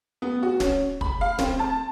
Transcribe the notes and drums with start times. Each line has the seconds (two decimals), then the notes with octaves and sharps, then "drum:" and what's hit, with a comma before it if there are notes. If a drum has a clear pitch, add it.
0.22 B3
0.43 F#4
0.60 C#4, drum: snare
1.01 B5, drum: kick
1.21 F5
1.39 C4, drum: snare
1.59 A5